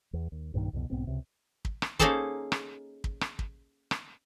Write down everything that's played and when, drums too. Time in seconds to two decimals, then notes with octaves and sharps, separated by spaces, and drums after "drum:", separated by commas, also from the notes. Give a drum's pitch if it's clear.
0.13 E2
0.32 D#2
0.54 B1 G2 A#2 D#3
0.73 C2 F2 B2
0.90 B1 G#2 B3 C4
1.07 C#2 C3
1.65 drum: kick
1.82 drum: rim click
1.99 A#3 C#4 D#4 G#4 A4 C5, drum: kick
2.52 drum: rim click
3.04 drum: kick
3.21 drum: rim click
3.39 drum: kick
3.91 drum: rim click